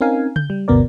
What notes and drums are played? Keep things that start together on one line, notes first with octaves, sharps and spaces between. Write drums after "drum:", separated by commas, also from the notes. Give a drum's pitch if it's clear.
C4 C#4 D#4 A#4 F5 G#5
G6, drum: tom C#3
G3
G1 D2 B2 B3 A#4 D5